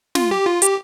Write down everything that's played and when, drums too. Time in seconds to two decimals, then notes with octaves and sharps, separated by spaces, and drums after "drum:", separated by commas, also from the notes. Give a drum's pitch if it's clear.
0.15 F4, drum: snare
0.31 G4
0.46 F4
0.62 G4, drum: hi-hat